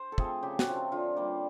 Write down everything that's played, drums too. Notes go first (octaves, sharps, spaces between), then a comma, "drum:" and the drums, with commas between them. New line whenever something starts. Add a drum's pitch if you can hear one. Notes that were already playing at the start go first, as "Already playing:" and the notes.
Already playing: C5
A4
F3 A3 C4 G#4, drum: kick
C#3 G4
F#4, drum: snare
F3 A3 C4
F4
D3 F4
G3 A#3